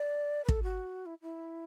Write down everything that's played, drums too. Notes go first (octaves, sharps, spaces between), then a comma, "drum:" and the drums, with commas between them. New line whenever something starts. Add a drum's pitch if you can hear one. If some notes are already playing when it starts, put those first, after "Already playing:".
Already playing: D5
B4
A4, drum: kick
F#4
E4
E4